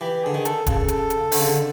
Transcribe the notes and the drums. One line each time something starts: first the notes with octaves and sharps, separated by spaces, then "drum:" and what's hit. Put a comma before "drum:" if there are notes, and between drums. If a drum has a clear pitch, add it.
E3 G4
D3 G#4
D#3
A4, drum: hi-hat
C#3 A4, drum: kick D#1, hi-hat
drum: hi-hat
drum: hi-hat
D3, drum: open hi-hat
C#3
D3